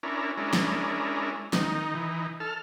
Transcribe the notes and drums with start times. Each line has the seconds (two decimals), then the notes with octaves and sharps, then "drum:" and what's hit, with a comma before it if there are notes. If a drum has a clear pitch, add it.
0.03 C#4 D4 E4 A#4
0.38 G#3 C#4 D4 E4 A#4
0.53 drum: snare
1.53 D#3 D#4, drum: snare
1.95 E3 D#4
2.40 A4 F6